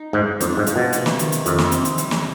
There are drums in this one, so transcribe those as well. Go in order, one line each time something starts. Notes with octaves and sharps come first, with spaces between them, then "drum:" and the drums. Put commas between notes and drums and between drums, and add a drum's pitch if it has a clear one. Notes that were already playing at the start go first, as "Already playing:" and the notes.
Already playing: D#4
G#2 G#3
F2 D4, drum: hi-hat
G#2
F3, drum: hi-hat
B2
C3, drum: hi-hat
drum: snare
D#3, drum: hi-hat
drum: hi-hat
F2 B4, drum: hi-hat
drum: snare
C4, drum: hi-hat
drum: hi-hat
G3, drum: hi-hat
drum: snare